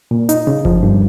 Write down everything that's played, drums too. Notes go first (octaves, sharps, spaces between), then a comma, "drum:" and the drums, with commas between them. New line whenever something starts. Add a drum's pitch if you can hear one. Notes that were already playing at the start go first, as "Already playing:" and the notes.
A#2
D#4, drum: hi-hat
C#3
F3, drum: kick G1
G2